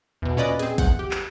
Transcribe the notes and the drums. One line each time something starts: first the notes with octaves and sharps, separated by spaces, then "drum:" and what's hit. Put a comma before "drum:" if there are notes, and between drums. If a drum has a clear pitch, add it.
E2 B2
A#2 C#4 B4 D5 D#5 B5
C4 G#4, drum: hi-hat
E2 F#5 G6, drum: kick, hi-hat
G4
drum: clap